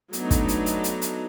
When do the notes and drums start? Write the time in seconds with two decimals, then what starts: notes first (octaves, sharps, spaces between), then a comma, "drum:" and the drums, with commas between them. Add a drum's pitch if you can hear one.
0.13 F#3 A3 B3 D4 D#4, drum: hi-hat
0.31 drum: kick, hi-hat
0.48 drum: hi-hat
0.66 drum: hi-hat
0.84 drum: hi-hat
1.02 drum: hi-hat